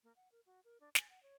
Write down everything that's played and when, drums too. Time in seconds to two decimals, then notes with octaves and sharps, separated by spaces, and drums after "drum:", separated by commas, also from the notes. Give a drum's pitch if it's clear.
0.03 A#3
0.16 F#5
0.32 A#4
0.46 F#4
0.65 A#4
0.80 D4
0.95 G#5, drum: snare
1.10 F#5
1.23 C#5